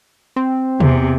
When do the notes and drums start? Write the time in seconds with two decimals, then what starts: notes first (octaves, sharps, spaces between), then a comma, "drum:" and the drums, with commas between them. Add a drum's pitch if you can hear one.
0.36 C4
0.80 E2 C3, drum: tom